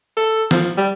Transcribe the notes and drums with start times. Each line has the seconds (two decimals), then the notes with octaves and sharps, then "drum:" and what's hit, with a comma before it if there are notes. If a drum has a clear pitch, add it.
0.17 A4
0.51 F3, drum: snare
0.77 G3